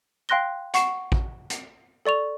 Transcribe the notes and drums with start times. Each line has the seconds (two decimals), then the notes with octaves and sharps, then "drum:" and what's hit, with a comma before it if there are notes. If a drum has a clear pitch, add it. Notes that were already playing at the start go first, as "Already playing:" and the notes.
0.29 F5 G5 C6 F#6 A#6 G7
0.74 F#5 C#6 C7 E7, drum: hi-hat
1.12 drum: kick A1
1.50 drum: hi-hat
2.05 A4 D5 C#6 F7